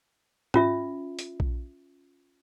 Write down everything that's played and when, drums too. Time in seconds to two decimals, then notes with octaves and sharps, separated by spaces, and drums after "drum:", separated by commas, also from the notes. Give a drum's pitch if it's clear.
0.54 C#4 F4 E5, drum: tom G#2
1.19 drum: hi-hat
1.40 drum: kick A#1